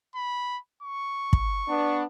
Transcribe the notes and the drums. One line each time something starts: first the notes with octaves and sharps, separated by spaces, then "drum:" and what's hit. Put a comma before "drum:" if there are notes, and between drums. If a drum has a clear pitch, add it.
B5
C#6
drum: kick
B3 D4